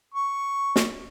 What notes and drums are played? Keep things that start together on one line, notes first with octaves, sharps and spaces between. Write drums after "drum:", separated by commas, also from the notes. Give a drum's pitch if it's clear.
C#6
drum: snare